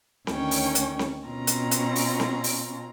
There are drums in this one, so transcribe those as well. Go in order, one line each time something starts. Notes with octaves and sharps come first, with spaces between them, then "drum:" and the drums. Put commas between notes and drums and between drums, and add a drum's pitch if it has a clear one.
D2 D#3 C#4 C#5 G5, drum: snare C4
drum: open hi-hat
drum: hi-hat
drum: snare C4
B2 C4 C#4 F4 A#5
drum: hi-hat
drum: hi-hat
drum: open hi-hat
drum: snare C4
drum: open hi-hat